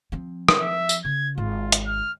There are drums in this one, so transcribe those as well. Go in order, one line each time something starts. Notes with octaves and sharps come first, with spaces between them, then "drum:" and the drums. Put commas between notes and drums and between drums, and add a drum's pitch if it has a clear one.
F3 C4
drum: rim click
E5
drum: tambourine
C#3 G#6
G#1 F4
drum: hi-hat
F6